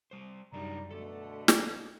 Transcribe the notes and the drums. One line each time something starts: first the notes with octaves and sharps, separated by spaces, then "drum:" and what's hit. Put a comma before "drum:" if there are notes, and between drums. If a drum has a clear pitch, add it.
G3 C5
F#2 C3 G3 D4 D#4 D5 A#5
B2 D3 A3 A4
drum: snare